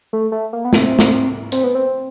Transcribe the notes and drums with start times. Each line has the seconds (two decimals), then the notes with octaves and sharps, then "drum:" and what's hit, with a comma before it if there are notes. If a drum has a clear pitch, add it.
0.13 A3
0.32 A3
0.53 A#3
0.65 B3
0.73 C4, drum: snare
0.99 drum: snare
1.52 C4, drum: hi-hat
1.64 B3
1.75 C4